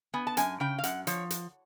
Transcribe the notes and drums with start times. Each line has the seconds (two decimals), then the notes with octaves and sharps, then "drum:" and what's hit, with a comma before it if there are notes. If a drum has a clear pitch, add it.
0.14 B3 G#5
0.27 A5
0.37 F#2 G#5, drum: hi-hat
0.60 C#3 G5
0.78 F5
0.83 F#2 F#5, drum: hi-hat
1.07 F3 C#5, drum: hi-hat
1.30 drum: hi-hat